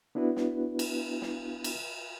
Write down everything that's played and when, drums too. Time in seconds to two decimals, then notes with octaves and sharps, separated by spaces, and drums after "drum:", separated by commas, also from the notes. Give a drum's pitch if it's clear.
0.15 B3 D4 E4 F#4 B4
0.36 drum: snare
0.79 drum: cymbal
1.22 drum: snare
1.64 drum: cymbal